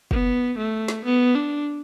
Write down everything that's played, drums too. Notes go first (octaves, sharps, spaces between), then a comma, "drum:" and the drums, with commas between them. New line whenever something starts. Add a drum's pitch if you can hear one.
B3, drum: kick
A3
drum: snare
B3
D4